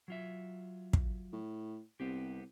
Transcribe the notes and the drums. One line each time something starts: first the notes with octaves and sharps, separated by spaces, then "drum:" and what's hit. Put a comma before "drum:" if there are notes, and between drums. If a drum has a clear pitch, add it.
F#3 F4 E5
drum: kick
A2
C2 B3 C4 G4